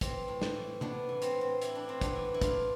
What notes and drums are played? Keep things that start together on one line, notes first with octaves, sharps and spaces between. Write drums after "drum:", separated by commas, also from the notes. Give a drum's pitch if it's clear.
E3 C4, drum: kick, hi-hat
A2
drum: snare
E3
A2 B3 D4, drum: tom C3
E3
C4, drum: hi-hat
A2 B3
C4
E3 E4, drum: hi-hat
D4
A2 C4
B3 D4, drum: kick, hi-hat
E3
E4
A2 D4 F4, drum: kick, hi-hat